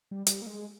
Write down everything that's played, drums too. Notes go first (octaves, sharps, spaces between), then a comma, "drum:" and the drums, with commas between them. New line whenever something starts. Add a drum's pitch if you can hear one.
G3
G3, drum: hi-hat
A#3
G#3